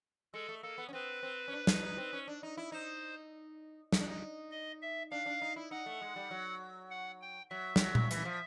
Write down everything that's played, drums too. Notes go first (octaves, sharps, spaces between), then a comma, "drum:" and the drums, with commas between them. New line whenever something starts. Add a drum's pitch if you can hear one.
G#3 A4
A3
A#3 A4
B3
C#4
C4 B4
C4
C#4
D4
D#4, drum: snare
D#4
C4
C#4
D4
D#4
E4
D#4 C5
D#4, drum: snare
D4
D#4
D#5
E5
D4 F5
D4
D#4
E4
D#4 F#5
A3
G#3
G3
F#3
F#5
G5
F#3 E5
G3, drum: snare
F#3
drum: tom A#2
E3, drum: hi-hat
F3